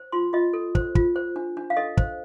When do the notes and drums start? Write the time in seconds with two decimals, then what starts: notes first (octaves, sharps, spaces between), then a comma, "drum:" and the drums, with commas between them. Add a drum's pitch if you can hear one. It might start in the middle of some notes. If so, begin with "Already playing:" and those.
Already playing: C5
0.12 F4 C6
0.33 F4 D#5
0.53 A4
0.75 C5, drum: kick
0.95 F4, drum: kick
1.16 C5
1.36 D4
1.57 D4
1.70 F5
1.77 A4 D#5
1.97 C5, drum: kick